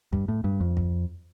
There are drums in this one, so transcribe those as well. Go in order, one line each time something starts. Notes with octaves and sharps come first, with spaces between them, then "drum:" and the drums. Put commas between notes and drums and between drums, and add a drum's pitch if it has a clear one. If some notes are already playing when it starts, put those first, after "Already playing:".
G2, drum: kick
A2
G2
F2
drum: kick